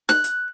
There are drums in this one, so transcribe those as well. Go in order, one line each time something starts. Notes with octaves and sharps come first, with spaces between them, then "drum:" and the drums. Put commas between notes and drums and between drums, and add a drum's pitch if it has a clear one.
F#6, drum: snare
drum: hi-hat